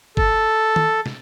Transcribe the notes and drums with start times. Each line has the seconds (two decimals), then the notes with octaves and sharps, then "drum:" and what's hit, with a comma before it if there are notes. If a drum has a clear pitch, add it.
0.17 A4, drum: kick G1
0.76 drum: tom
1.06 drum: snare